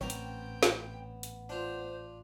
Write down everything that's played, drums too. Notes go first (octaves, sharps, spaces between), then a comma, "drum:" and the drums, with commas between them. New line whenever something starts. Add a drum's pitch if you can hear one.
A1 B3 C4 A#4 C#5 G5
drum: hi-hat
drum: snare
drum: hi-hat
D4 F4 C5